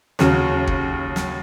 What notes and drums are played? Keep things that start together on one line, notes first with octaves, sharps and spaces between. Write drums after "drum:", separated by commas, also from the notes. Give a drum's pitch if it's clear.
D#2 C#3 F#3, drum: snare
drum: kick
drum: snare